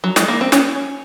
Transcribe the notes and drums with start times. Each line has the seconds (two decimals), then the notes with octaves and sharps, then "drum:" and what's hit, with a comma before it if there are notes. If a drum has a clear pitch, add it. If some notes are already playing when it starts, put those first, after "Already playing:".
0.04 F#3
0.16 G#3, drum: snare
0.28 A#3
0.41 C4
0.52 C#4, drum: snare